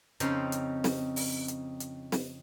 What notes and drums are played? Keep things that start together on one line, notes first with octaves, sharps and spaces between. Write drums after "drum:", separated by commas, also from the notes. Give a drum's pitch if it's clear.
F2 C#3 C4 D#4 C5, drum: hi-hat
drum: hi-hat
drum: snare
drum: open hi-hat
drum: hi-hat
drum: hi-hat
drum: snare